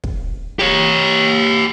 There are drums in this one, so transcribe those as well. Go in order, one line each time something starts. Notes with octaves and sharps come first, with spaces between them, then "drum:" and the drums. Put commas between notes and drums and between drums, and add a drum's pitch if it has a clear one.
drum: kick
G4 C#5